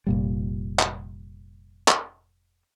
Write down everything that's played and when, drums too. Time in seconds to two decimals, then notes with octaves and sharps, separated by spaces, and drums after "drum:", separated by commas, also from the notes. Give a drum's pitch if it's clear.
0.07 F1 A#2 G3
0.79 drum: clap
1.88 drum: clap